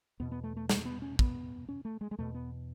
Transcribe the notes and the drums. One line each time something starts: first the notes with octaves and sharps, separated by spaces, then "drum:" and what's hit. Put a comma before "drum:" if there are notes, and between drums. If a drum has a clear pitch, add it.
E2 B2 B3
B3
A3
A3
A3, drum: snare
B3
C#4
B3, drum: kick
C#4
A3
G#3
G#3
E2 B2 A3
B3